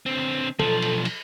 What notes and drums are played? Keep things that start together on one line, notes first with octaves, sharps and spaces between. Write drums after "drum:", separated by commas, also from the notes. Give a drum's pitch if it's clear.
D3 C4
B1 F3 A4, drum: snare
drum: cymbal
drum: cymbal